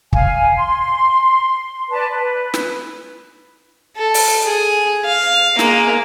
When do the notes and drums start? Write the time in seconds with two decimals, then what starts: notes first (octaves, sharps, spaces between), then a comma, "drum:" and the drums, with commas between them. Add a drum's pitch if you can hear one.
0.13 F5 G#5, drum: kick
0.56 C6
1.90 B4 D5 A5
2.08 B4
2.54 drum: snare
3.97 A4
4.14 drum: open hi-hat
4.44 G#4
5.05 F5
5.59 G#3 A#3, drum: snare